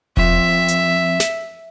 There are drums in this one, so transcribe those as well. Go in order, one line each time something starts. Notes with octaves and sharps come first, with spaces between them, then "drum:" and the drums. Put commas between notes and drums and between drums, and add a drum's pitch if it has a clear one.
F2 E5, drum: kick E1
drum: hi-hat
drum: snare